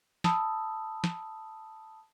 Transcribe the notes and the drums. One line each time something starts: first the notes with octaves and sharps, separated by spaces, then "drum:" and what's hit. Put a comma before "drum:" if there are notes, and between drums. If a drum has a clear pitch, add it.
A5 B5 D#6 E6, drum: snare
drum: snare